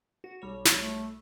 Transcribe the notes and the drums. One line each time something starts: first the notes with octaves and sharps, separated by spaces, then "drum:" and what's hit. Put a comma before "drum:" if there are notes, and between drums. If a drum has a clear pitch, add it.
F#4
B1 G3 C#5
drum: snare
A3